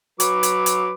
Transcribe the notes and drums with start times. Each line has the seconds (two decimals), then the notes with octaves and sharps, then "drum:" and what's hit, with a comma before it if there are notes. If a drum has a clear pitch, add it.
0.20 F#3 B4 D6, drum: hi-hat
0.43 drum: hi-hat
0.66 drum: hi-hat